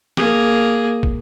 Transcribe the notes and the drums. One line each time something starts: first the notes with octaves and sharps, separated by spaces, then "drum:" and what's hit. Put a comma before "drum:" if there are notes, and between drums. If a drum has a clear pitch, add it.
A#3 G#4, drum: snare
drum: kick